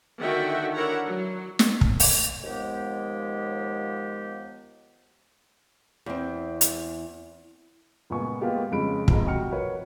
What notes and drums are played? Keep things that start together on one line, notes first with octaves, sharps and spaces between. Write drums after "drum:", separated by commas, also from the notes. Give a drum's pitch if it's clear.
D3 D#3 F#4 E5 F#5 G5
D4 E4 A#4 C#5 F#5 A#5
F#3
drum: snare
drum: kick
drum: open hi-hat
D#2 F3 G#3 B3 G4
E2 C4
drum: hi-hat
C#2 A#2 B3 G#5 C#6
G#3 A#3 B3 F4 G4 A#4
F2 C#3 G#3 B5 D7
F1 F2 C3 G#3 A#5, drum: kick
C3 F#4 D#5 G5 F6 C#7
F3 F#4 A#4 B4 C#5